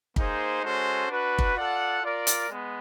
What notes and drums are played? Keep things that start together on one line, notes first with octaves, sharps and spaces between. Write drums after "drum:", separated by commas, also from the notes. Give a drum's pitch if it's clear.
A#3 D#4 G#4 C5, drum: kick
G#3 C#4 F#4 A4 C5
D4 F#4 B4
drum: kick
F4 A4 D5 F#5
F4 A#4 D5
drum: hi-hat
G#3 B3